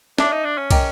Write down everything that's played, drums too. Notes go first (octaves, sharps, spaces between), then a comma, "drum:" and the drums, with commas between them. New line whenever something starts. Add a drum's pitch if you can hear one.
D4 E5 A5 D6, drum: snare
D#4
D4
C#4
A#4 D#5 G5 A#5 D6, drum: kick, cymbal